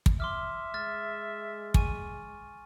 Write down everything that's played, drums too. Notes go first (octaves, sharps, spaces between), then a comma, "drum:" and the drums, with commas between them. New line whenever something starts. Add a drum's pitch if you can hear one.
drum: kick
E5 C6 D6 F6
G#3 F6 A6
G#5 C#6 D#7, drum: kick